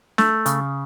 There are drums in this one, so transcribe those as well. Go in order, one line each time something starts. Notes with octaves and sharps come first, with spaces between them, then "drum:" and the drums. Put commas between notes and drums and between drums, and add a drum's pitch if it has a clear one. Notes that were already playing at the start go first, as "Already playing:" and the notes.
A3, drum: snare
C#3, drum: hi-hat